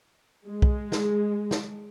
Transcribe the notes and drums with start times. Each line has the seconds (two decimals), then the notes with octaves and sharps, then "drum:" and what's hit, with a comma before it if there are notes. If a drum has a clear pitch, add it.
0.48 G#3
0.62 drum: kick B1
0.92 drum: snare
1.51 drum: snare